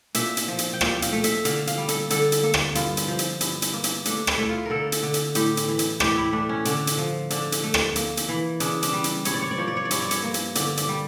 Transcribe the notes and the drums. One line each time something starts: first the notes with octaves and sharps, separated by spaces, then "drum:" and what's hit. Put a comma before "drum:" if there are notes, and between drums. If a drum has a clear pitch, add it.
A#2 E5, drum: hi-hat
drum: hi-hat
F3
drum: hi-hat
G5
A#2 F5, drum: rim click
F5, drum: hi-hat
A3
E5, drum: hi-hat
D3 F5, drum: hi-hat
F5, drum: hi-hat
G3
A4, drum: hi-hat
D3 A4, drum: hi-hat
drum: hi-hat
A#3 A4
drum: rim click
G2 F4, drum: hi-hat
drum: hi-hat
F3
drum: hi-hat
G2, drum: hi-hat
drum: hi-hat
A#3
drum: hi-hat
A3 D4, drum: hi-hat
E4, drum: rim click
A3
F4
D3 A4 A#4
drum: hi-hat
D3
drum: hi-hat
A2 G4, drum: hi-hat
drum: hi-hat
E3
drum: hi-hat
A2 G4, drum: rim click
E4
A3 D4
C#4
D3 D4, drum: hi-hat
drum: hi-hat
F3
D3 D4, drum: hi-hat
drum: hi-hat
A3
drum: rim click
A#3, drum: hi-hat
drum: hi-hat
E3
C#3 D4, drum: hi-hat
D4, drum: hi-hat
G3
drum: hi-hat
G2 C#5, drum: hi-hat
D5
C#5
D5
F3 C#5
D5
C#5
D5
G2 C#5, drum: hi-hat
D5
C#5, drum: hi-hat
A#3
drum: hi-hat
D3 D5, drum: hi-hat
D5, drum: hi-hat
G3